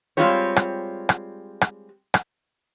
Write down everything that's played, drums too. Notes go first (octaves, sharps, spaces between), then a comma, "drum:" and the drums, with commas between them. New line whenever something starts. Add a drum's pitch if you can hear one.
G3 G#3 C4 F4 G4 C#5
drum: rim click
drum: rim click
drum: rim click
drum: rim click